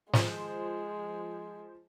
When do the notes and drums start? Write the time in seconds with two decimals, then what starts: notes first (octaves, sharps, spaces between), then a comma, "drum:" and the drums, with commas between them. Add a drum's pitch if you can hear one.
0.13 F3 G#3 C5, drum: snare